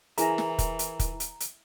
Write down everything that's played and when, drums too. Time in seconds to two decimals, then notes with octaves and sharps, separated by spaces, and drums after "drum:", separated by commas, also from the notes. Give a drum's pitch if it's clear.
0.18 E3 E4 G#4 A#4 E5 G#5 A#5 A#6, drum: hi-hat
0.38 drum: snare
0.59 drum: kick, hi-hat
0.79 drum: hi-hat
0.99 drum: kick, hi-hat
1.20 drum: hi-hat
1.40 drum: hi-hat